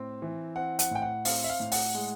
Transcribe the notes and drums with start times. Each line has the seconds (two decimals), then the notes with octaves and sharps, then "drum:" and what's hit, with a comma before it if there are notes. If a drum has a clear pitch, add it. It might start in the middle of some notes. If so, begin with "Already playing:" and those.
Already playing: A2 C4
0.22 E3
0.56 C4 F#5
0.79 F#5, drum: hi-hat
0.91 A2 G5
1.02 F#5
1.25 C4 F5, drum: open hi-hat
1.44 E5
1.50 F5
1.60 A2
1.72 F#5, drum: open hi-hat
1.95 G#3